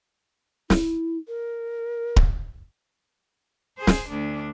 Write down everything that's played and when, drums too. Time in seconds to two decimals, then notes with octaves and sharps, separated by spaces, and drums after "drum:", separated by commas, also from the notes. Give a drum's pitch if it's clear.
0.70 E4, drum: snare
1.28 A#4
2.16 drum: kick D1
3.78 G#4 C5
3.87 drum: snare
4.09 D2 D4